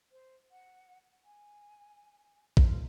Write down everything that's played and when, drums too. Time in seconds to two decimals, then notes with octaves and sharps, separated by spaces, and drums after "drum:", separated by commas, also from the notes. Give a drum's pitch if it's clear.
0.12 C5
0.51 F#5
1.25 G#5
2.57 F4, drum: kick A#1